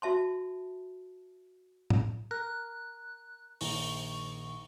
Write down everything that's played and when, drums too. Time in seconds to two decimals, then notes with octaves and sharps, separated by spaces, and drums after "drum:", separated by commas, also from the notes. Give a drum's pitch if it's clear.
0.02 F#4 E5 A5 C6
1.90 drum: tom
2.31 A#4 F#6
3.61 A#1 D#3 A#5 C#6, drum: open hi-hat